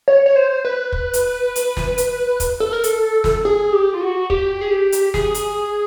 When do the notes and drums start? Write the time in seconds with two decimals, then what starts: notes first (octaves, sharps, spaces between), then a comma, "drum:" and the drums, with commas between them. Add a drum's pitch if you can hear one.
0.08 C#5
0.26 C#5
0.36 C5
0.65 B4
0.92 drum: kick
1.13 drum: hi-hat
1.56 drum: hi-hat
1.77 drum: snare
1.98 drum: hi-hat
2.40 drum: kick, hi-hat
2.60 A4
2.73 A#4
2.84 A4, drum: hi-hat
3.24 drum: snare
3.45 G#4
3.73 G4
3.94 F4
4.01 F#4
4.30 G4, drum: kick
4.61 G#4
4.71 G4
4.92 drum: hi-hat
5.14 G#4, drum: snare
5.34 drum: hi-hat